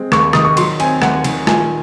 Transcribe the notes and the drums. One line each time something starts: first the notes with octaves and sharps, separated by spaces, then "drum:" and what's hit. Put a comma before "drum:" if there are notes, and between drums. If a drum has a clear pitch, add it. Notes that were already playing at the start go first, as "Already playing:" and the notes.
Already playing: G#3 C4
D#2 C#6, drum: rim click
D#3 D#6, drum: rim click
C#6
F#3 C6, drum: cymbal
C4 G#5, drum: cymbal
D#2 F#5, drum: rim click
D#3, drum: cymbal
A#2 G#5, drum: rim click